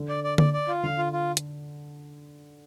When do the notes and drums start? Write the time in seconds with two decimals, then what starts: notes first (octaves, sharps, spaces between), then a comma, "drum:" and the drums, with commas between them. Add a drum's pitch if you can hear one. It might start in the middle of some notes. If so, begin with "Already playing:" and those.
Already playing: D3
0.09 D5
0.24 D5
0.38 D5, drum: tom D3
0.53 D5
0.68 F4
0.83 D3 F5
0.98 F4
1.12 F4
1.37 drum: hi-hat